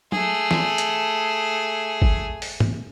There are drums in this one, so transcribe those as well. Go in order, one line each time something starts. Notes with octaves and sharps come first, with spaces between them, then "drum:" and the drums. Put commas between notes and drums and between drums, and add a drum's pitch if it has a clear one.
A3 G#4, drum: tom F#3
drum: snare
drum: hi-hat
drum: kick G#1
drum: open hi-hat
drum: tom